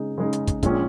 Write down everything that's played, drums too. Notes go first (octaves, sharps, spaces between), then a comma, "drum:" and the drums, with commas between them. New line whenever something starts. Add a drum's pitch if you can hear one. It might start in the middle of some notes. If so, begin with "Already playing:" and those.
Already playing: C#3 G#3 D#4
C#3 G#3 D#4
drum: hi-hat
drum: kick, hi-hat
A#1 A#2 G#3 C#4, drum: kick, hi-hat